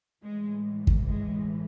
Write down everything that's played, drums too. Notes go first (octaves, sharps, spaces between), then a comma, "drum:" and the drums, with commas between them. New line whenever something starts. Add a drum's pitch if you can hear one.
A2 E3 G#3
drum: kick
G#3